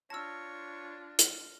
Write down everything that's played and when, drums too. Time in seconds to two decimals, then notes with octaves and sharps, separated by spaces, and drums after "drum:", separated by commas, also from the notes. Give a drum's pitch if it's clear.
0.10 D4 F4 C#5 A5 E6 F6 A#6
1.19 drum: hi-hat